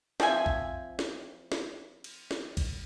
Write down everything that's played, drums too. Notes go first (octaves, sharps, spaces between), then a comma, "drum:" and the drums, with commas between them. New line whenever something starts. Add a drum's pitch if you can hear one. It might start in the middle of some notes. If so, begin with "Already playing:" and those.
F3 C4 E5 G#5, drum: snare
drum: kick A1
drum: snare
drum: snare
drum: cymbal
drum: snare
drum: kick A1, cymbal